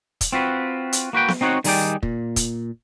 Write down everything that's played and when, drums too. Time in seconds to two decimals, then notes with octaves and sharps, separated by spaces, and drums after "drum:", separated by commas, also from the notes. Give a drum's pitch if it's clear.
0.21 drum: kick, hi-hat
0.32 C4 F4 F#4 B4
0.93 drum: hi-hat
1.13 A#3 F#4 B4 G5
1.28 drum: snare B3
1.41 C4 D#4 F#4 B4 C#5 F#5
1.64 D#3 G3 D#4 G#4 D5 G5, drum: open hi-hat
2.03 A#2, drum: kick
2.36 drum: kick, hi-hat